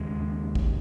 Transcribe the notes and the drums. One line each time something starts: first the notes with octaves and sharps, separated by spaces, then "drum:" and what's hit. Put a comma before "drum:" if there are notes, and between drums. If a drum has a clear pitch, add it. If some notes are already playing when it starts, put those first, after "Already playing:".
Already playing: D#2 C#3 G#3
drum: kick